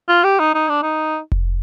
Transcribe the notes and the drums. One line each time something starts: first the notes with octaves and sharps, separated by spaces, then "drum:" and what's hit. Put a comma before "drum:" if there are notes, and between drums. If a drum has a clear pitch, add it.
F4
G4
D#4
D#4
D4
D#4
drum: kick F1